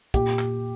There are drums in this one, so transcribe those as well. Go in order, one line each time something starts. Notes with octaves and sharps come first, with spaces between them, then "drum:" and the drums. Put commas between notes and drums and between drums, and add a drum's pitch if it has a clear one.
A#2 G4, drum: kick, hi-hat
drum: clap